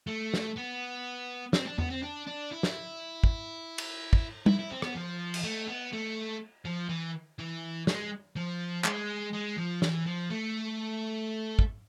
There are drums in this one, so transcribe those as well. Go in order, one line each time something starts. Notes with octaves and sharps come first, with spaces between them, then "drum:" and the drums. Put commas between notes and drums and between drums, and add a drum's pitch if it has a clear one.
A3
drum: snare
B3
C4, drum: snare
D4
B3, drum: tom E2
C4
D4
D4
E4
drum: snare
drum: kick
drum: cymbal
drum: kick
E4, drum: tom G3
E4
C4
B3, drum: rim click
F3
drum: cymbal
A3
B3
A3
F3
E3
E3
G#3, drum: snare
F3
G#3, drum: clap
G#3
F3
E3, drum: snare
F3
A3
drum: kick